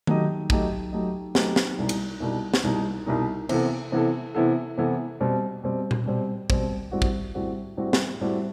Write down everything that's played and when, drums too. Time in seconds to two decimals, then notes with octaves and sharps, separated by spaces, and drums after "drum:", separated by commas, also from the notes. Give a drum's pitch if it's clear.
0.07 F#3 A3 D#4 G4 D#5, drum: tom D#3
0.50 F#3 A3 D#4 G4 D#5, drum: kick
0.92 F#3 A3 D#4 G4 D#5
1.35 F#3 A3 D#4 G4 D#5, drum: snare
1.56 drum: snare
1.78 C2 B2 G3 D#4
1.89 drum: cymbal
2.20 C2 B2 G3 D#4
2.54 drum: snare
2.63 C2 B2 G3 D#4
3.06 C2 B2 G3 D#4
3.49 C3 E3 B3 E4 A4, drum: cymbal
3.92 C3 E3 B3 E4 A4
4.35 C3 E3 B3 E4 A4
4.78 C3 E3 B3 E4 A4
5.21 B2 G3 C4
5.63 B2 G3 C4
5.91 drum: tom A#2
6.06 B2 G3 C4
6.50 B2 G3 C4, drum: kick
6.91 A2 G3 C4 F#4
7.02 drum: kick
7.35 A2 G3 C4 F#4
7.77 A2 G3 C4 F#4
7.93 drum: snare
8.21 A2 G3 C4 F#4